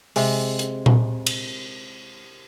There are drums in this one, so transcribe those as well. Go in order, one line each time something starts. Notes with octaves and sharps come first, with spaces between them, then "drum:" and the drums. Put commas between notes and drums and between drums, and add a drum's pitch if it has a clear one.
C3 G#3, drum: open hi-hat
drum: hi-hat
drum: tom A#2
drum: cymbal